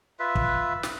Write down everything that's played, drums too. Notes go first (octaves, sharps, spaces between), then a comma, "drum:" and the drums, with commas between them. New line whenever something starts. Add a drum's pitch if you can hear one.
F4 B4 E5
drum: kick
drum: snare